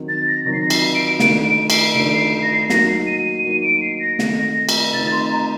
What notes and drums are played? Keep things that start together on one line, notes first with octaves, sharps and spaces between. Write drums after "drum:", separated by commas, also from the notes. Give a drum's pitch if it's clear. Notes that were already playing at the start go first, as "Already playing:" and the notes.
Already playing: D#3 F#3 C4 D#4
A6
A#6
D#3 F#3 C4 D#4 A#6
C7
A#6
C7, drum: cymbal
D7
D#3 A3 D4 D7, drum: snare
D7
C7, drum: cymbal
D#3 A3 D4 D7
C7
A#6
C7
F#3 A#3 D#4 A#6, drum: snare
C7
D#7
D#7
F#3 A#3 D#4 D#7
D7
C7
A#6
D#3 A3 C4 D#4 A#6, drum: snare
drum: cymbal
D#3 A3 C4 D#4 A6
C6
A#5